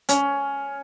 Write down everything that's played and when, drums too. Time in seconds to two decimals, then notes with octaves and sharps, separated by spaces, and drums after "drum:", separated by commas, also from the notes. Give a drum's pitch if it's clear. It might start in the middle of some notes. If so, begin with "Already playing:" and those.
0.09 C#4, drum: hi-hat